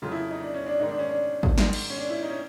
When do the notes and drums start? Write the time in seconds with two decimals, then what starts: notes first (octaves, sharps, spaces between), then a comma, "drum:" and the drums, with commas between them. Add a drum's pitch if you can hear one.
0.02 F2 C#3 F#3 F4
0.12 E4
0.31 D#4
0.41 D4
0.54 C#4
0.66 D4
0.79 G#2 D#3 G#3 D#4
0.89 D4
0.99 C#4
1.09 D4
1.43 drum: kick
1.58 G#2 D#3 G#3, drum: snare
1.73 drum: cymbal
1.90 C#4
1.97 D4
2.10 E4
2.23 D#4
2.30 C#4